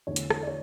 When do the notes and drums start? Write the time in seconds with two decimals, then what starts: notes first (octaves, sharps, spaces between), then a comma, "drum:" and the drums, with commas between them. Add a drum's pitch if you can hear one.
0.07 E2 D3 A3 C#5
0.16 drum: hi-hat
0.30 drum: rim click
0.43 D5
0.47 C#5